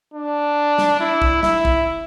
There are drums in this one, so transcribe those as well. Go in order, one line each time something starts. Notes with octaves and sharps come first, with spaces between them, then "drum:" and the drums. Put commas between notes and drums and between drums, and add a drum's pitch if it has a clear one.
D4
drum: snare
E4
drum: kick
E4, drum: snare
drum: kick